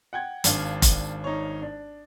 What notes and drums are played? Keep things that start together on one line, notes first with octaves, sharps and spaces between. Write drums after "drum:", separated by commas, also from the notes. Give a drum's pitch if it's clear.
F#5 G5 G#6
G#1 D4 F5, drum: hi-hat
drum: kick F1, hi-hat
D#4 C#5
D4